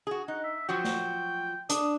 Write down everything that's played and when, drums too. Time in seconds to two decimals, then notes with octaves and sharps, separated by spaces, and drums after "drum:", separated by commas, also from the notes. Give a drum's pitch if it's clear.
0.07 F#4 G#4
0.28 D#4 F#5
0.44 E5
0.69 F3 F#3 F#4 G5
0.84 drum: snare
1.69 D4 D#6, drum: hi-hat